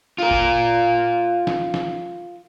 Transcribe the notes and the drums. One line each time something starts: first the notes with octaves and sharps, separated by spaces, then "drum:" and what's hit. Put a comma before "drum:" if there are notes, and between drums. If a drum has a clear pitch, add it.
F4 A#4
drum: kick G1
drum: snare
drum: snare